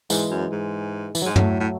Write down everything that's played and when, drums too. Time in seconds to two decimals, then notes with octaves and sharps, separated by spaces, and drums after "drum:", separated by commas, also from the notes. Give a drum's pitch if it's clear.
0.10 G#2 E3 G#3, drum: tambourine
0.31 F#2
0.52 G#2
1.15 E3, drum: tambourine
1.22 F#3
1.25 G#2 G#3
1.36 A2 F#3 A3, drum: tom
1.60 A2